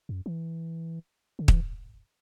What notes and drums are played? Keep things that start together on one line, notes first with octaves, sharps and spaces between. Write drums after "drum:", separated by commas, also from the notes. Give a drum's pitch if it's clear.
F#2
E3
D3
E3, drum: kick